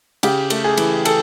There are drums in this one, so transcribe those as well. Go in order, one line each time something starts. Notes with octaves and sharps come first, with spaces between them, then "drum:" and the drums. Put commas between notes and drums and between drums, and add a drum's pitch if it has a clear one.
C#3 G4, drum: cymbal
A3, drum: cymbal
G#4
E3, drum: cymbal
A4, drum: cymbal